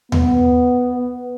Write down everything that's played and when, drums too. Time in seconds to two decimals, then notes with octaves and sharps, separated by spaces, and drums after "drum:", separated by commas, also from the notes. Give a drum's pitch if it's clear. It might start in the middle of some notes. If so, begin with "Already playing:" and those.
0.12 B3, drum: tom D#2